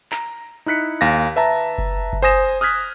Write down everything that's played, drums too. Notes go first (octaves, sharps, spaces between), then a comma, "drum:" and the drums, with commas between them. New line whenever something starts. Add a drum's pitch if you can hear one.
A#5, drum: clap
D#4 E4 F#6 B6 C#7
D#2 F5 A#6
B4 E5 A5 A#5
drum: kick F#1
drum: kick F#1
C5 G#5 D#6 A#6 E7
D#6 F6 F#6 G#6 B6, drum: cymbal